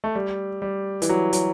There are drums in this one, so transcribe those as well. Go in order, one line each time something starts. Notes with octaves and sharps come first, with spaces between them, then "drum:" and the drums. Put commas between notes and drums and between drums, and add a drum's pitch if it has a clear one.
A3
G3
G3
E3, drum: hi-hat
F#3
F#3, drum: hi-hat